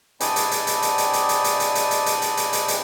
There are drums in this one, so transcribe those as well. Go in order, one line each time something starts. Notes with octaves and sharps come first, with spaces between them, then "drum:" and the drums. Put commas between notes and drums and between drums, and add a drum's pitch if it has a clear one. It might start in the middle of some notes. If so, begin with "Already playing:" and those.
C4 D4 E4 D5 D#5 G#5, drum: hi-hat
drum: hi-hat
drum: hi-hat
drum: hi-hat
drum: hi-hat
drum: hi-hat
drum: hi-hat
drum: hi-hat
drum: hi-hat
drum: hi-hat
drum: hi-hat
drum: hi-hat
drum: hi-hat
drum: hi-hat
drum: hi-hat
drum: hi-hat
drum: hi-hat